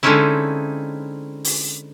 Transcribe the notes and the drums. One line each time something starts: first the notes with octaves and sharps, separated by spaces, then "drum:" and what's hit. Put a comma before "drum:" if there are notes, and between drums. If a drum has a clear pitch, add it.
D3 G#3 C4 C#4 D#4 E4
drum: open hi-hat